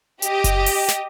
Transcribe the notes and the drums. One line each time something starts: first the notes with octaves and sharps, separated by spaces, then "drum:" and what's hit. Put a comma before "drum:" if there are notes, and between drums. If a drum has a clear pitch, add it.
G4 D#5, drum: hi-hat
drum: kick F#1, hi-hat
drum: open hi-hat
drum: snare